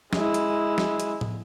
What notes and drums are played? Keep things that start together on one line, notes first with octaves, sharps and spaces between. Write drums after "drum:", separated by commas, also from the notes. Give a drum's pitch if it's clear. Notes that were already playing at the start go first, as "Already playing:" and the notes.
G#3 E4, drum: snare
drum: hi-hat
drum: snare
drum: hi-hat
drum: tom